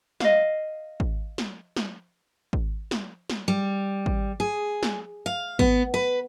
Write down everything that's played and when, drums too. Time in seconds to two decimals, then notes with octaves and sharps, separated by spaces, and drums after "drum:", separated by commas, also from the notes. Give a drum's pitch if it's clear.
0.20 D#5 F5, drum: snare
1.00 drum: kick G#1
1.38 drum: snare
1.76 drum: snare
2.53 drum: kick G#1
2.91 drum: snare
3.30 drum: snare
3.48 G3
4.06 drum: kick G#1
4.40 G#4
4.83 drum: snare
5.26 F5
5.59 B3, drum: kick G#1
5.94 B4